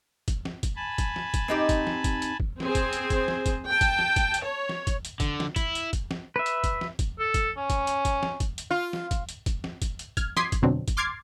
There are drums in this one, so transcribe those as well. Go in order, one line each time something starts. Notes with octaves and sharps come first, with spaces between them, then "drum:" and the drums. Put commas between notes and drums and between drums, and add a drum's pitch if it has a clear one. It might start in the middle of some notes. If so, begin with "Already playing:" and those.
drum: kick, hi-hat
drum: snare
drum: kick, hi-hat
G#5 A5 B5
drum: kick, hi-hat
drum: snare
drum: kick, hi-hat
C4 D#4 G4
drum: kick, hi-hat
drum: snare
drum: kick, hi-hat
drum: hi-hat
drum: kick
C4 G#4 C5 G#5, drum: snare
drum: kick, hi-hat
drum: hi-hat
drum: kick, hi-hat
drum: snare
drum: kick, hi-hat
G5 A5
drum: kick, hi-hat
drum: snare
drum: kick, hi-hat
drum: hi-hat
C#5
drum: snare
drum: kick, hi-hat
drum: hi-hat
D3, drum: kick, hi-hat
drum: snare
E4, drum: kick, hi-hat
drum: hi-hat
drum: kick, hi-hat
drum: snare
B4 E5
drum: hi-hat
drum: kick, hi-hat
drum: snare
drum: kick, hi-hat
A4
drum: kick, hi-hat
C#4
drum: kick, hi-hat
drum: hi-hat
drum: kick, hi-hat
drum: snare
drum: kick, hi-hat
drum: hi-hat
F4
drum: snare
drum: kick, hi-hat
drum: hi-hat
drum: kick, hi-hat
drum: snare
drum: kick, hi-hat
drum: hi-hat
F6 G#6, drum: kick, hi-hat
C6 D6 D#6 G#6 B6 C7, drum: snare
drum: kick, hi-hat
F2 B2 D3 F#3 C4 D4
drum: kick, hi-hat
C6 D6 F6 G#6 A6 C7